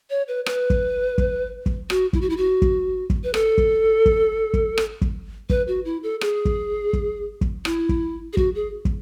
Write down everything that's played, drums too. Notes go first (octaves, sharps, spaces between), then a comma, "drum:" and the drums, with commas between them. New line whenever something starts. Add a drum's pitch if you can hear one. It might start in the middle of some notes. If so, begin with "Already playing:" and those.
C#5
B4
B4, drum: rim click
drum: kick
drum: kick
drum: kick
F#4, drum: rim click
E4, drum: kick
F#4
E4
F#4
drum: kick
drum: kick
B4
A4, drum: rim click
drum: kick
drum: kick
drum: kick
drum: rim click
drum: kick
B4, drum: kick
F#4
E4
A4
G#4, drum: rim click
drum: kick
drum: kick
drum: kick
E4, drum: rim click
drum: kick
G#4
F#4, drum: kick
G#4
drum: kick